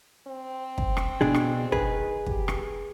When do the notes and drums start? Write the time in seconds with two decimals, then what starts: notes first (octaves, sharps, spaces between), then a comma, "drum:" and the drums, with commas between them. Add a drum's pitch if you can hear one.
0.27 C4
0.78 drum: kick
0.97 drum: rim click
1.21 B2 D4 G#4
1.34 drum: rim click
1.72 D#3 G#4 B4, drum: kick
2.26 G4, drum: kick
2.48 drum: rim click